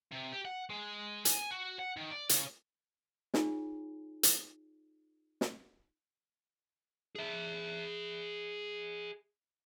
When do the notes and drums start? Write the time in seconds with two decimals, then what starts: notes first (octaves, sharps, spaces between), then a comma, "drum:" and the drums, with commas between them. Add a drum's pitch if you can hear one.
0.12 C3
0.32 G4
0.45 F#5
0.70 G#3
1.25 G#5, drum: hi-hat
1.51 F#4
1.79 F#5
1.97 D#3
2.10 D5
2.29 C#3, drum: hi-hat
3.34 D#4 F4 G#4 C#5, drum: snare
4.23 drum: hi-hat
5.41 drum: snare
7.15 G#4 E5